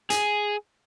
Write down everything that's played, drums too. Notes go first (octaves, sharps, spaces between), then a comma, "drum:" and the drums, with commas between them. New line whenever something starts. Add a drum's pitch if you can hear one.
G#4, drum: hi-hat